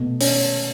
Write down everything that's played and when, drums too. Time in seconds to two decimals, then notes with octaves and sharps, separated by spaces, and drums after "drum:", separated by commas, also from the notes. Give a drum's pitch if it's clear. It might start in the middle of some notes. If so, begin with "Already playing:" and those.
Already playing: B2 A3
0.21 C#4, drum: open hi-hat